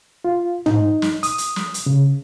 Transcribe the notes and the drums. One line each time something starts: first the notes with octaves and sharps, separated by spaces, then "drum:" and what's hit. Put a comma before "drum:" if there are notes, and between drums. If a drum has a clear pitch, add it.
F4
D#4, drum: tom
drum: snare
D#6, drum: hi-hat
drum: hi-hat
drum: snare
drum: hi-hat
C#3